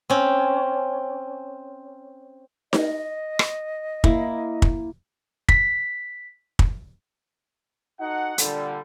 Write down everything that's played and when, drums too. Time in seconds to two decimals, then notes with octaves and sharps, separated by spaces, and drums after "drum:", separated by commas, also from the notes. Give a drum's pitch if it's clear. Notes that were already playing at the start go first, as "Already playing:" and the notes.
0.10 C4 C#4
2.73 D#5, drum: snare D#4
3.39 drum: rim click
4.04 A#3 E4, drum: kick
4.62 drum: kick
5.49 B6, drum: kick
6.59 drum: kick
8.00 D#4 F#4 A4 F#5
8.38 A#2 D3 G3, drum: hi-hat